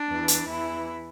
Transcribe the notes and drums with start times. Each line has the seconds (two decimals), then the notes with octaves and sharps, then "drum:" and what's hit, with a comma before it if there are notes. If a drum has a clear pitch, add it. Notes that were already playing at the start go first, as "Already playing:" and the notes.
Already playing: D4
0.09 E2 E3
0.28 drum: hi-hat
0.48 E2 E3 E4